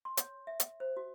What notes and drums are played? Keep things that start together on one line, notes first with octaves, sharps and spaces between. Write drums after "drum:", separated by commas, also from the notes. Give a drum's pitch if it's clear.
C6
C#5, drum: hi-hat
E5
drum: hi-hat
C5
F#4